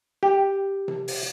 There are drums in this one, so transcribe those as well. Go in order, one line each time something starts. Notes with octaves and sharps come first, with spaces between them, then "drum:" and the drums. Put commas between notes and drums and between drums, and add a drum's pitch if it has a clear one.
G4
drum: tom C3
drum: open hi-hat